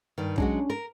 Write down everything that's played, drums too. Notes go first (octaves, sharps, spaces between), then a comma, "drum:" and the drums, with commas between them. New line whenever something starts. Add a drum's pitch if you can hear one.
G2 D#3
F#3 G#3 C#4 D4 F#4, drum: kick
A#4